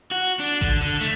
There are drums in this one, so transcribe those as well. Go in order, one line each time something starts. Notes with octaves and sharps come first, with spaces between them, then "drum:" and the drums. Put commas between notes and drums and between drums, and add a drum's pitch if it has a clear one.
F#4
D4
D3, drum: kick A1
D3
A3